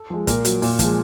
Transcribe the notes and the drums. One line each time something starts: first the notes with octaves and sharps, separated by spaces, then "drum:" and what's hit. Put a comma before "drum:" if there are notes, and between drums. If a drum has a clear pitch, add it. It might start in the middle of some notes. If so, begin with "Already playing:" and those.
Already playing: A4
F3 G#3
A#2 A#4, drum: kick, hi-hat
F#3, drum: hi-hat
A#2, drum: open hi-hat
F3 G#3, drum: kick, hi-hat